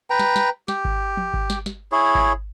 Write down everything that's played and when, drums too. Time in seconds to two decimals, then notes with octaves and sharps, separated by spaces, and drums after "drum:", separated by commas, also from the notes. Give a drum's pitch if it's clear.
0.10 B4 G5 A#5
0.19 drum: snare
0.36 drum: snare
0.68 G4, drum: snare
0.85 drum: kick G#1
1.17 drum: tom
1.33 drum: kick G#1
1.50 drum: snare
1.66 drum: snare
1.92 E4 G#4 C#5
2.15 drum: kick G#1